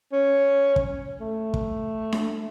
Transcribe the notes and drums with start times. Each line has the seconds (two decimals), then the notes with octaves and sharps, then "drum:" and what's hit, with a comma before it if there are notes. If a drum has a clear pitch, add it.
0.12 C#4
0.76 drum: kick
1.21 A3
1.54 drum: kick
2.12 drum: snare D4